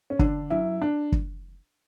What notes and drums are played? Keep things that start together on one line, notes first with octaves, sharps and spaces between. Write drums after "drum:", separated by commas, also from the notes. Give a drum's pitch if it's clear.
C#4
D3 D4, drum: kick
F#2 E4
D4
drum: kick